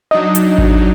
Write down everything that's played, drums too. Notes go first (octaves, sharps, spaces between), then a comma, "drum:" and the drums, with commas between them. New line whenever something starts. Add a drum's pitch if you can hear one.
F#3 D4 D#4 D#5
drum: hi-hat
drum: kick G#1